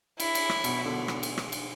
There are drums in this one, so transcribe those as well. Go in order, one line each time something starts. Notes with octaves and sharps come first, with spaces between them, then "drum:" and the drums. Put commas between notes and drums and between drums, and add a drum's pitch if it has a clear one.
E4, drum: cymbal
drum: cymbal
drum: rim click
B2, drum: cymbal
B2 D3
drum: rim click
drum: cymbal
drum: rim click
drum: cymbal